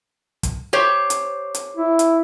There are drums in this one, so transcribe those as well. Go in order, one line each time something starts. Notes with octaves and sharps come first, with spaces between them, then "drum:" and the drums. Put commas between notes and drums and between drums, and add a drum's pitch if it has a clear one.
drum: kick, hi-hat
G4 C5 C#5
drum: hi-hat
drum: hi-hat
E4
drum: hi-hat